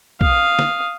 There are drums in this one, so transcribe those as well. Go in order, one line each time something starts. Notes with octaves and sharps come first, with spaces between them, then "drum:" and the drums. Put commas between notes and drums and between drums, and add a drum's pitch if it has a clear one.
F5 D#6, drum: kick
drum: snare